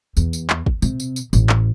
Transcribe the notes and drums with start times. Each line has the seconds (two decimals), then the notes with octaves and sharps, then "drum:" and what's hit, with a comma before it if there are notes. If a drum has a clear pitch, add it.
0.17 E2, drum: tambourine
0.33 drum: tambourine
0.50 drum: clap
0.66 drum: kick
0.82 C3, drum: tambourine
1.00 drum: tambourine
1.16 drum: tambourine
1.33 A1, drum: tambourine
1.49 drum: clap